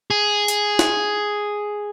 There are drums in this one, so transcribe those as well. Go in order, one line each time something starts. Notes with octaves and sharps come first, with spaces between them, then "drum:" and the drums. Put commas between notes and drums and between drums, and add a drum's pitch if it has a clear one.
G#4
drum: hi-hat
drum: snare